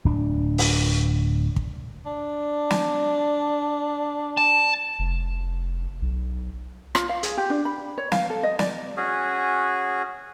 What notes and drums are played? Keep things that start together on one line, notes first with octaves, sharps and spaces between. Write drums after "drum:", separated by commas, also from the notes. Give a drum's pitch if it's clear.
D1 D4
drum: open hi-hat
drum: kick
D4
drum: snare
A5
F1
B1
F4, drum: rim click
F5
G#4, drum: hi-hat
G4
D4
B5
C#5
F5, drum: snare
A4
D#5
D5, drum: snare
C#4 F#4 G#4